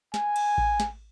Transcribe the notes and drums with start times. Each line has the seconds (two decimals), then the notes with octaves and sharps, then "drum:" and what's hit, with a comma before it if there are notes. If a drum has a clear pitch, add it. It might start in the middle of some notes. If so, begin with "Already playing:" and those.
0.14 G#5, drum: snare
0.36 drum: cymbal
0.58 drum: kick A1
0.80 drum: snare